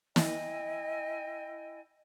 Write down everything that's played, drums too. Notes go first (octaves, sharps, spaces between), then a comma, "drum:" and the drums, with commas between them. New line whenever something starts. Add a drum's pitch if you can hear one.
E4 D#5 G5 G#5, drum: snare